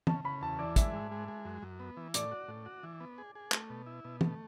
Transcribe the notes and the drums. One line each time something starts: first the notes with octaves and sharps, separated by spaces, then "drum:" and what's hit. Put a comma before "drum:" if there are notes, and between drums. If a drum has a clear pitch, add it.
C#3 A5, drum: tom
C#3 B5
E2 A5
E3 D5
G#3 E5, drum: kick, hi-hat
G#2
G#3
G#3
F#2
F#2
B3
E3
A2 D5, drum: hi-hat
F#4
A2
F#4
E3
B3
G#4
G#4
A3, drum: clap
B2
E4
B2
A3, drum: tom